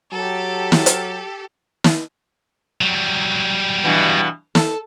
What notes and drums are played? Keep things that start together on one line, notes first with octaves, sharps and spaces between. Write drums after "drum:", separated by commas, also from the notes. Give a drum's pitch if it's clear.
F#3 G4 A4
drum: snare
drum: hi-hat
drum: snare
F#3 G3
G2 B2 E3
A4, drum: snare